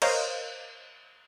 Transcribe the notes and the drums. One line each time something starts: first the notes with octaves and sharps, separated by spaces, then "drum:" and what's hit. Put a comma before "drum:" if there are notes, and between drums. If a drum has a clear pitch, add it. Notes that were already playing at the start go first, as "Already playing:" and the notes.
A#4 C5 C#5 D#5 F5, drum: cymbal